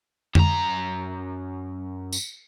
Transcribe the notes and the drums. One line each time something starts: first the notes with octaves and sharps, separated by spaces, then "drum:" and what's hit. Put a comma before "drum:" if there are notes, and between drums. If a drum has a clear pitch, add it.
F#2 A#5, drum: tom F2
drum: tambourine